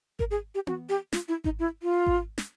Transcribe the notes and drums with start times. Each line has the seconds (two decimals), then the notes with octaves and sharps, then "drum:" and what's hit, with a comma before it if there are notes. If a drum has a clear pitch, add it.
0.19 A#4, drum: kick G#1
0.31 G#4
0.55 G4
0.67 F#4, drum: tom B3
0.89 G4
1.13 F4, drum: snare
1.28 E4
1.44 D#4, drum: kick G#1
1.59 E4
1.83 F4
2.07 drum: kick G#1
2.38 drum: snare